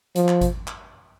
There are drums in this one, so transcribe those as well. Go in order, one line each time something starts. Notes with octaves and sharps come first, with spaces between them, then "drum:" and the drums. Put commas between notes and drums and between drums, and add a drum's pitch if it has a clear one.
F3, drum: hi-hat
drum: clap
drum: kick G#1, hi-hat
drum: clap